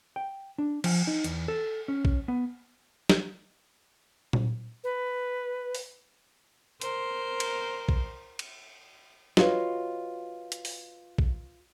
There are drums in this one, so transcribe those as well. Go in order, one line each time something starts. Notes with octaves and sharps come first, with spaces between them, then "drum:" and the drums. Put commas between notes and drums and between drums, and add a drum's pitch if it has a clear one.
G5
D4
F3, drum: cymbal
D#4
E2, drum: hi-hat
A4
C#4
drum: kick A#1
B3
drum: snare
drum: tom A#2
B4
drum: open hi-hat
A#4 C5, drum: hi-hat
drum: cymbal
drum: kick A#1
drum: cymbal
F4 F#4 B4 C#5 D#5 F5, drum: snare
drum: hi-hat
drum: open hi-hat
drum: kick A#1